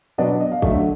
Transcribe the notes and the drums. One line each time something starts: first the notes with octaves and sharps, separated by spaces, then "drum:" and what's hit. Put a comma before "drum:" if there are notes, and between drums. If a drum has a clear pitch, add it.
B2 F#3 B3 D4 D#5
D5
D#5
F5
D3 F#3 A3 E5, drum: kick